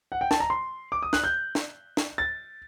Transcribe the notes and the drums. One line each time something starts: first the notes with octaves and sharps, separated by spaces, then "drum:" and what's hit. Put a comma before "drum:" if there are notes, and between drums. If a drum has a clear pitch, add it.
F#5
G5
A5, drum: snare
A#5
C6
D6
D#6
F#6, drum: snare
G6
drum: snare
drum: snare
A6